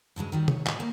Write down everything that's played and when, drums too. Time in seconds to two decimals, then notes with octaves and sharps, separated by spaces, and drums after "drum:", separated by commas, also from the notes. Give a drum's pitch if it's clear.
0.16 G2 C#3 F#3 G#3
0.32 D#3 F#3 G3
0.48 C#5, drum: tom C3
0.66 A2, drum: clap
0.80 A#3